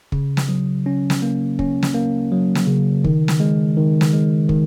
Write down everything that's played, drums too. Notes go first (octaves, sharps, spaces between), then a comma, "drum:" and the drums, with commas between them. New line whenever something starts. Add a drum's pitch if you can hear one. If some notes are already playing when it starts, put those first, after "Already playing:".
C#3, drum: kick
drum: snare
F#3
C#4
drum: snare
A#3
C#4, drum: kick
drum: snare
A#3
F#3
drum: snare
C#3
D#3, drum: kick
drum: snare
G#3
D#3
drum: snare
G#3
D#3, drum: kick